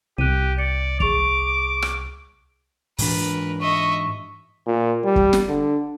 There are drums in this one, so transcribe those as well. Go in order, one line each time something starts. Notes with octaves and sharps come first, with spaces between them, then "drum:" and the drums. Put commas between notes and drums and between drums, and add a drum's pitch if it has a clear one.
C2 G4 F#6 D#7
D5 C#7
G#4 C#6 D6 F7, drum: kick
drum: rim click
G#2 E3 D4 A#4 B4, drum: open hi-hat
D#5 E5 C#6
A#2
G3
drum: kick
drum: snare
D3